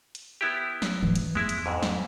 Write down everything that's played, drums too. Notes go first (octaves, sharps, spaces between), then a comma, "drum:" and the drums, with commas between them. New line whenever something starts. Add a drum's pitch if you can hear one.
drum: hi-hat
B3 E4 G4
drum: snare
E3 F3
drum: hi-hat
E2 G#3 E4
drum: hi-hat
F2 G#2
drum: snare